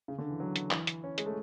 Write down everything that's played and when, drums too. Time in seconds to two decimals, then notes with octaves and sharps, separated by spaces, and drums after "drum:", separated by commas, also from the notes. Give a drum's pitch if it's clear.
0.08 C#3
0.18 D3
0.30 E3
0.40 F#3
0.56 drum: hi-hat
0.71 E3, drum: clap
0.87 drum: hi-hat
1.04 C#4
1.18 G#3, drum: hi-hat
1.26 A3